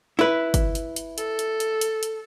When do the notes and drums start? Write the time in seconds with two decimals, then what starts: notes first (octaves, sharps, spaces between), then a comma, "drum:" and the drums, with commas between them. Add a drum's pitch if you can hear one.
0.19 E4 B4
0.54 drum: kick G1, hi-hat
0.75 drum: hi-hat
0.96 drum: hi-hat
1.18 A4, drum: hi-hat
1.39 drum: hi-hat
1.60 drum: hi-hat
1.81 drum: hi-hat
2.03 drum: hi-hat